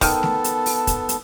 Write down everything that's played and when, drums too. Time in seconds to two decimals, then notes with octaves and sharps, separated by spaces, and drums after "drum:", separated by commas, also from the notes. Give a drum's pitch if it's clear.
0.01 D#3 B3 A4 A5, drum: kick, open hi-hat
0.23 drum: snare
0.44 drum: hi-hat
0.66 drum: open hi-hat
0.87 drum: kick, hi-hat
1.09 drum: hi-hat